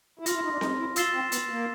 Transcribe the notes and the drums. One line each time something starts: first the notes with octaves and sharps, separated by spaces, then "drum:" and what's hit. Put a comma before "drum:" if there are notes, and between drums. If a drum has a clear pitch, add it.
E4
F4 C6 F6 A#6, drum: hi-hat
E4
D#4
D4
D#4, drum: snare C4
E4
F4 E6 A6 C7 E7 G7, drum: hi-hat
C4
B3, drum: hi-hat
A#3